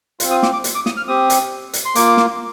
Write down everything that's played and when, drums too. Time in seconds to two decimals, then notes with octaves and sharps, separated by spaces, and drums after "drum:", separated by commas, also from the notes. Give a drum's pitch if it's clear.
0.20 C4 F4, drum: hi-hat
0.31 D#6
0.43 D6, drum: snare
0.53 D6
0.64 drum: hi-hat
0.75 D6
0.86 D#6, drum: snare
0.97 F6
1.08 C4 G4 D#6
1.30 drum: hi-hat
1.73 drum: hi-hat
1.85 C6
1.95 A#3 F4 D6, drum: hi-hat
2.17 drum: snare